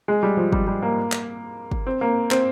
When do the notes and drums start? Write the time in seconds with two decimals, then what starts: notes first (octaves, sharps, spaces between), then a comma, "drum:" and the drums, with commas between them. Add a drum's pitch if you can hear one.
0.08 G#3
0.23 G3
0.37 F3
0.52 G3, drum: kick
0.67 G3
0.82 A#3
1.12 drum: clap
1.71 drum: kick
1.87 C4
2.01 A#3
2.31 C4, drum: clap